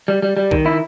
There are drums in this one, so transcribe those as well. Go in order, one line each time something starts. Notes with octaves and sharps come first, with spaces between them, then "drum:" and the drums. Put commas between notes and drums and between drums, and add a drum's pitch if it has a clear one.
G3
G3
G3
D#3, drum: kick B1
E4